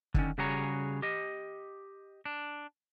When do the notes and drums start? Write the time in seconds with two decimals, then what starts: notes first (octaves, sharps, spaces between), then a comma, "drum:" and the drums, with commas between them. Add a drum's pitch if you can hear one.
0.14 D3 D#3 C#4, drum: kick
0.38 C#3 G3 F#4 G#4 C#5 A#5
1.02 G4 D#5
2.25 D4